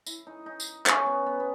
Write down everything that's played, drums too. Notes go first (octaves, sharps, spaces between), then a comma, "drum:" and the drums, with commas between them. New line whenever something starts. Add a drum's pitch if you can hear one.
E4, drum: tambourine
D#4
D#4
drum: tambourine
C#4, drum: clap
B3
B3
B3